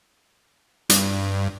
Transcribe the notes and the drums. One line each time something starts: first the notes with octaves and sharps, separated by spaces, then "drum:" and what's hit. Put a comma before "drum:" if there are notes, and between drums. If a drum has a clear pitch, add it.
G2, drum: hi-hat